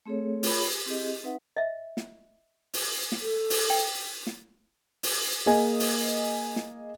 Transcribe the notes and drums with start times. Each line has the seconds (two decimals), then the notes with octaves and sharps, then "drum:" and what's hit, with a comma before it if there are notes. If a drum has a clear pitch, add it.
0.06 A3 C4 G#4 A4 C#5
0.43 F4 G#4 A#4 C#5 B5, drum: open hi-hat
0.57 G4
0.86 C4 E4 G4 G#4 D#5
1.23 C4 D#4 B4 E5 F#5
1.57 D#5 E5
1.97 drum: snare
2.73 drum: open hi-hat
3.12 drum: snare
3.21 A4
3.50 drum: open hi-hat
3.70 G5
4.27 drum: snare
5.03 drum: open hi-hat
5.46 A#3 G#4 D#5 G#5
5.80 drum: open hi-hat
6.56 drum: snare